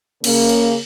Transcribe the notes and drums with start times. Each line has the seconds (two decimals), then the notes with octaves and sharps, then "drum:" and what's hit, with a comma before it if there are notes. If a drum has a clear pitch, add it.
0.24 C#3 A#3, drum: cymbal
0.49 drum: cymbal